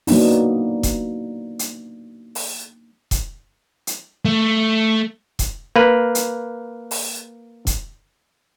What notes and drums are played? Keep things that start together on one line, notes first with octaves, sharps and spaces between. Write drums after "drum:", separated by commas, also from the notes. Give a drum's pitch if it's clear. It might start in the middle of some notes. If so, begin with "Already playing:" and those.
F#3 A#3 B3 D4 D#4, drum: open hi-hat
drum: kick E1, hi-hat
drum: hi-hat
drum: open hi-hat
drum: kick E1, hi-hat
drum: hi-hat
A3
drum: kick E1, hi-hat
A#3 B4
drum: hi-hat
drum: open hi-hat
drum: kick E1, hi-hat